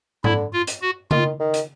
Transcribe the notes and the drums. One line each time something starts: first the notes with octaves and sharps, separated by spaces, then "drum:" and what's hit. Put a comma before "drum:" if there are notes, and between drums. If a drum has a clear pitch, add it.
D3 E4, drum: tom G#2
F4
drum: hi-hat
F#4
D#3 F4, drum: tom C#3
D#3
drum: hi-hat